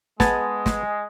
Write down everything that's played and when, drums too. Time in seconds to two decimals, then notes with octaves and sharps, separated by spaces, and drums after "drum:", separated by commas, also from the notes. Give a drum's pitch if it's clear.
0.20 G#3 B3 G#5 A5, drum: snare
0.66 drum: snare